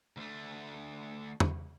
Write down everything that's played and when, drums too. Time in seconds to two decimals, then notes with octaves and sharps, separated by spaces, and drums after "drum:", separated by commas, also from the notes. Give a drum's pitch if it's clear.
0.17 D2 A3
1.40 drum: tom